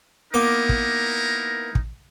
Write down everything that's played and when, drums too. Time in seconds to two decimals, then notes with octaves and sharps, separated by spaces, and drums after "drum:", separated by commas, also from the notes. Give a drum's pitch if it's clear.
0.34 A#3 B3 D#4 E4 A#4 D6
0.69 drum: kick
1.75 drum: kick